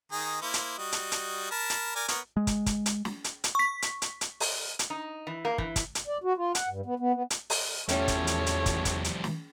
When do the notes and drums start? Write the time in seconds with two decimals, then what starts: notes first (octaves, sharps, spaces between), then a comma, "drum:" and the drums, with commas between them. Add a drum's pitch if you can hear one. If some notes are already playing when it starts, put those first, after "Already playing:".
0.12 D#3 D#4 G#4
0.41 A#3 E4 C5
0.54 drum: hi-hat
0.78 G3 F#4 D#5
0.92 drum: hi-hat
1.12 drum: hi-hat
1.51 A#4 A5 B5
1.70 drum: hi-hat
1.95 A#4 D5 G#5
2.08 B3 A#4 C#5, drum: hi-hat
2.37 G#3
2.47 drum: kick, hi-hat
2.66 drum: kick, hi-hat
2.86 drum: hi-hat
3.05 drum: snare
3.24 drum: hi-hat
3.44 drum: hi-hat
3.55 C#6 B6
3.82 drum: hi-hat
4.02 drum: hi-hat
4.21 drum: hi-hat
4.40 drum: open hi-hat
4.79 drum: hi-hat
4.90 D#4
5.27 E3
5.45 A#3
5.58 E3, drum: kick
5.76 drum: kick, hi-hat
5.95 drum: hi-hat
6.07 D5
6.24 F#4
6.37 F4
6.55 F#5, drum: hi-hat
6.69 G2
6.86 B3
7.00 B3
7.14 B3
7.30 drum: hi-hat
7.50 drum: open hi-hat
7.89 E2 A2 F3 G3 C#4 A4 C#5, drum: hi-hat
8.08 drum: kick, hi-hat
8.27 drum: hi-hat
8.46 drum: hi-hat
8.66 drum: kick, hi-hat
8.85 drum: kick, hi-hat
9.04 drum: hi-hat
9.24 drum: snare